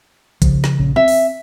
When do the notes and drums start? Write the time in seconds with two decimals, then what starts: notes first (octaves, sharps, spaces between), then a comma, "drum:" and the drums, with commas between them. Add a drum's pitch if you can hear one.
0.42 C#3 F3, drum: kick A1, hi-hat
0.64 drum: snare
0.79 A#1 C#3
0.96 C4 E5
1.08 drum: open hi-hat